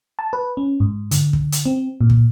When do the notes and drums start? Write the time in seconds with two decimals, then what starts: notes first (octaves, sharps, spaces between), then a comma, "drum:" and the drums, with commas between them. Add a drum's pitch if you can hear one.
0.19 A5
0.33 B4
0.57 C#4
0.80 G#2
1.11 D3, drum: hi-hat
1.33 drum: kick
1.52 drum: hi-hat
1.65 C4
2.01 A#2
2.10 drum: kick